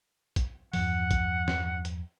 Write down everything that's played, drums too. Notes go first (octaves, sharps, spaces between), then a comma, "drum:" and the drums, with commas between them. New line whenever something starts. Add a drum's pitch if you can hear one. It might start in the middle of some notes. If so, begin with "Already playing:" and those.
drum: kick, hi-hat
E2 G2 F3 F#5, drum: open hi-hat
drum: kick, hi-hat
drum: snare
drum: hi-hat